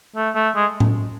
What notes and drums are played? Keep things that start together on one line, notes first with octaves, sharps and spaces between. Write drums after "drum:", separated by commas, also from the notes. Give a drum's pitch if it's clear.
A3
A3
G#3
drum: tom A2